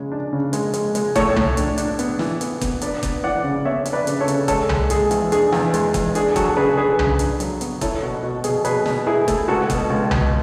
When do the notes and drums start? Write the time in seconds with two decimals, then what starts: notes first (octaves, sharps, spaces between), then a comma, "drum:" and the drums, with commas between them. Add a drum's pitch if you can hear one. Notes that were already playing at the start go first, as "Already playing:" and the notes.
Already playing: C#3 G#3
0.12 D4
0.33 C#3
0.53 G#3, drum: hi-hat
0.73 G#3, drum: hi-hat
0.95 G#3, drum: hi-hat
1.15 A2 A4 C#5, drum: kick F#1, hi-hat
1.36 A2, drum: tom C2
1.57 D4, drum: hi-hat
1.78 D4, drum: hi-hat
1.99 B3, drum: hi-hat
2.19 E3, drum: snare
2.41 B3, drum: hi-hat
2.61 B3, drum: kick F#1, hi-hat
2.81 D4 B4 D5, drum: hi-hat
3.03 B3, drum: kick F#1, hi-hat
3.24 E3 D5 F#5
3.44 C#3
3.65 B3 C#5 E5
3.85 D4, drum: hi-hat
3.93 B4 D5
4.07 C#3, drum: hi-hat
4.20 A4 C#5
4.28 C#3, drum: hi-hat
4.48 G#3 A4 C#5, drum: kick F#1, hi-hat
4.69 G#3, drum: tom C2
4.90 G#3 G#4, drum: hi-hat
5.11 E2, drum: hi-hat
5.32 D4 G#4, drum: hi-hat
5.52 E2, drum: snare
5.74 G#3, drum: hi-hat
5.94 E2, drum: kick F#1, hi-hat
6.15 D4 G#4, drum: hi-hat
6.36 F#3 F#4 A4, drum: kick F#1, hi-hat
6.46 A4
6.57 C#3 G#4 B4
6.77 D4 G#4 B4
6.99 C#3, drum: tom C2
7.19 D4, drum: hi-hat
7.40 F#3, drum: hi-hat
7.61 B3, drum: hi-hat
7.81 E4 A4 C#5, drum: kick F#1, hi-hat
8.02 B2 F#4
8.23 B2 F#4
8.44 B2 G#4, drum: hi-hat
8.65 B2 G#4 B4, drum: hi-hat
8.86 B2, drum: snare
9.07 E4 G#4
9.28 A3, drum: kick F#1, hi-hat
9.48 C#2 F#4 A4
9.70 B2, drum: kick F#1, hi-hat
9.90 C#2
10.11 B2, drum: tom C2